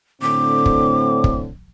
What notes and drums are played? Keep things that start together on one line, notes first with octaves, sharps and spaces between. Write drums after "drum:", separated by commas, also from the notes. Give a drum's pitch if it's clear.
A2 D3 C4 D6
drum: kick
drum: kick